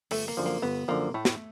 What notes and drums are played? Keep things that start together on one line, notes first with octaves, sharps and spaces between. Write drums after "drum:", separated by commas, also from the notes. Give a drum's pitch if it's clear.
G1 A3, drum: open hi-hat
A#3
F#2 D3 F3
A#3
G1 B3
F#2 D3 F3 A#3
A2 A3
drum: snare